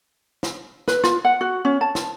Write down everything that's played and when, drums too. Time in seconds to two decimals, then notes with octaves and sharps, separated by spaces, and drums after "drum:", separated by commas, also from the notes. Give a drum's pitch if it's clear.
0.43 drum: snare
0.88 B4, drum: snare
1.04 F4, drum: snare
1.25 F#5
1.41 F#4
1.65 C#4
1.81 A5
1.95 drum: snare